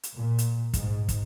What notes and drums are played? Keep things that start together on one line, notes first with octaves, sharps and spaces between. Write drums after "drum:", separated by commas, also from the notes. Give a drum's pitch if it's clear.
drum: hi-hat
A#2
drum: hi-hat
G#2, drum: kick, hi-hat
drum: kick, hi-hat